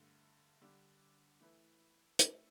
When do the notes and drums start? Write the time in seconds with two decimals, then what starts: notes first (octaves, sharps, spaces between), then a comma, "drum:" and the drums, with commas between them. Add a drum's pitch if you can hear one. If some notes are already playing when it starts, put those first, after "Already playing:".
Already playing: G2 D3 A3
0.62 D3 G3 D4
1.40 E3 A3 E4 B4
2.19 A3 E4 A4 E5, drum: hi-hat